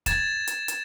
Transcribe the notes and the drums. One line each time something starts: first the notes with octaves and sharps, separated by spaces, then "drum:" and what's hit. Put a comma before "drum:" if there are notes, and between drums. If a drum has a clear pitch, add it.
G#6 A6 E7, drum: kick, hi-hat
drum: hi-hat
drum: hi-hat